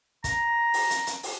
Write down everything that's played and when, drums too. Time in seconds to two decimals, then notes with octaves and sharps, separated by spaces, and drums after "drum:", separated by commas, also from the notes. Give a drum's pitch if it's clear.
0.24 A#5, drum: kick, hi-hat
0.74 drum: open hi-hat
0.90 drum: hi-hat
1.07 drum: hi-hat
1.23 drum: open hi-hat